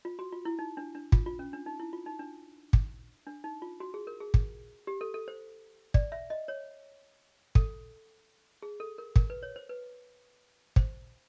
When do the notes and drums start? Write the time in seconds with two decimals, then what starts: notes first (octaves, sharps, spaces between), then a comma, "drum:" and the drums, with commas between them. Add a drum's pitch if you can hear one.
0.05 F4
0.19 F#4
0.32 F4
0.45 E4
0.59 D#4
0.77 D4
0.95 D4
1.12 F4, drum: kick
1.26 F4
1.39 C#4
1.53 D4
1.66 D#4
1.80 E4
1.93 F4
2.06 D#4
2.19 D4
2.73 drum: kick
3.27 D4
3.44 D#4
3.62 F4
3.80 F#4
3.94 G#4
4.07 A#4
4.21 G#4
4.34 drum: kick
4.87 G4
5.01 A4
5.14 A4
5.28 C5
5.94 D5, drum: kick
6.12 E5
6.30 D#5
6.48 C#5
7.55 A4, drum: kick
8.62 G#4
8.80 A4
8.98 A#4
9.16 A#4, drum: kick
9.30 B4
9.43 C#5
9.56 C5
9.69 B4
10.76 C5, drum: kick